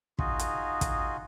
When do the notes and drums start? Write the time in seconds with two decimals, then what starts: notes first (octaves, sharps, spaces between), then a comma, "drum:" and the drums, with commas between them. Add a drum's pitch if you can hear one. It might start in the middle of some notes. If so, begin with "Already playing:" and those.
0.19 D#4 F4 F#4 G#4, drum: kick
0.39 drum: hi-hat
0.81 drum: kick, hi-hat